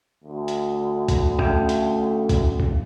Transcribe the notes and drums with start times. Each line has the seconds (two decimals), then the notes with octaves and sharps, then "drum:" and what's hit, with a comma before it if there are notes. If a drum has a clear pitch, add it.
0.24 D2
0.48 drum: hi-hat
1.08 drum: kick, hi-hat
1.39 A3 C#4 F5 G5, drum: kick
1.69 drum: hi-hat
2.29 drum: kick, hi-hat
2.60 drum: kick